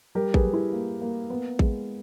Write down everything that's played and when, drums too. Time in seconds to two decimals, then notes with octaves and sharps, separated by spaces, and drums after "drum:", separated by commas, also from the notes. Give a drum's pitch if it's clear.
0.15 G3 G4 A#4
0.34 G#4 B4, drum: kick A1
0.44 G3
0.53 E4
0.73 A#3
1.01 A#3
1.30 B3
1.59 G#3, drum: kick A1